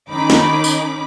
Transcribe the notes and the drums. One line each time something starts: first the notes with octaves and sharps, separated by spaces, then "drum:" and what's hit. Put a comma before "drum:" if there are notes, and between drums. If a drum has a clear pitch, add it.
D#3 C#4 D#4 B5 D6
drum: snare
drum: tambourine